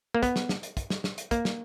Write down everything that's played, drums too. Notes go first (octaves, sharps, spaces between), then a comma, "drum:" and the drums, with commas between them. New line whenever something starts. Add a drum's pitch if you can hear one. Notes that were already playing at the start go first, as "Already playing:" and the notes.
A#3
B3, drum: kick, hi-hat
drum: snare
drum: snare
drum: hi-hat
drum: kick, hi-hat
drum: snare
drum: snare
drum: hi-hat
A#3, drum: kick, hi-hat
drum: snare